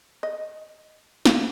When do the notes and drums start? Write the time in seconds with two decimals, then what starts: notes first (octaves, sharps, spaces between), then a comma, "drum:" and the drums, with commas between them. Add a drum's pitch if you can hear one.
0.23 D#5
1.26 drum: snare